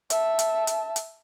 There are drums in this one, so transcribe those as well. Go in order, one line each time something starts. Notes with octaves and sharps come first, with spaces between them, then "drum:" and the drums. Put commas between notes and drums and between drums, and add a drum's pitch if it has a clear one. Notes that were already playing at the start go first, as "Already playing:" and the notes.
E5 A5, drum: hi-hat
drum: hi-hat
drum: hi-hat
drum: hi-hat